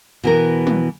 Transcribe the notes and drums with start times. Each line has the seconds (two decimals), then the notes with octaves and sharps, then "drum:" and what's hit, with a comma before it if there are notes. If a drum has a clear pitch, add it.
0.24 B2 E3 A#4
0.67 drum: tom